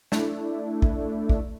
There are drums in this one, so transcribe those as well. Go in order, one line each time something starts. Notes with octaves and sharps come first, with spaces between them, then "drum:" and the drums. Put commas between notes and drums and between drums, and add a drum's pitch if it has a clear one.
A3 D4 E4, drum: snare
drum: kick
drum: kick